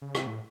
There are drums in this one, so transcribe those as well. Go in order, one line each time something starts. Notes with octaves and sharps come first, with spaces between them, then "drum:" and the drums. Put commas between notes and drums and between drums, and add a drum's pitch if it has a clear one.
C#3
C3, drum: rim click
A2